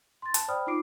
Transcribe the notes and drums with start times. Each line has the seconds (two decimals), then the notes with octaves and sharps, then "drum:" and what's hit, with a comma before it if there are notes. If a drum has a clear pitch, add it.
0.22 C6 A6
0.34 A5, drum: hi-hat
0.48 C5 D5 G5 B5 D#6 F6
0.67 D#4 F4 D6 C7 D7